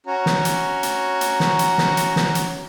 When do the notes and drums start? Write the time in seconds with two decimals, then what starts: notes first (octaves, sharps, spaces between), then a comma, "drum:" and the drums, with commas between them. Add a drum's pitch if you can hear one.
0.07 C#4 F#4 A#5
0.26 drum: snare
0.45 drum: hi-hat
0.83 drum: hi-hat
1.21 drum: hi-hat
1.40 drum: snare
1.59 drum: hi-hat
1.78 drum: snare
1.97 drum: hi-hat
2.16 drum: snare
2.35 drum: hi-hat